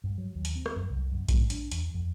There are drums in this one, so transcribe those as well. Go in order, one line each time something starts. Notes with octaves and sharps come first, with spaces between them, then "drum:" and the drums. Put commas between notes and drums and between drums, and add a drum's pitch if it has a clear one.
G2
F#3
D#2
drum: hi-hat
C4
drum: rim click
F#2
C2
F#2
G#2, drum: kick A#1, hi-hat
D4, drum: hi-hat
E2, drum: hi-hat
F2